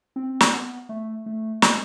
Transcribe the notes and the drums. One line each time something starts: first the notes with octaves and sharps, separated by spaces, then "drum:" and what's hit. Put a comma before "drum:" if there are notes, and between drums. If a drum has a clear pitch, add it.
C4
drum: snare
B3
A3
A3
G#3, drum: snare